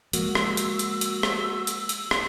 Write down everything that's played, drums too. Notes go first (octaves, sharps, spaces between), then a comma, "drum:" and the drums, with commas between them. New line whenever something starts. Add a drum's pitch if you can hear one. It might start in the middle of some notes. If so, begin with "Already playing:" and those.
F3 G#3 A#3 F#4 E6, drum: hi-hat
drum: rim click
drum: hi-hat
drum: hi-hat
drum: hi-hat
drum: rim click
drum: hi-hat
drum: hi-hat
drum: rim click